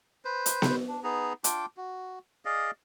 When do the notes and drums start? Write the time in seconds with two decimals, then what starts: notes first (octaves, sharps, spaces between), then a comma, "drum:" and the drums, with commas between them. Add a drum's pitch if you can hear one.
0.25 B4 C5
0.46 drum: hi-hat
0.62 drum: snare B3
0.88 D4
1.03 B3 D#4 G#4
1.44 D4 F4 G5 D6, drum: hi-hat
1.77 F#4
2.45 G#4 D5 D#5 F5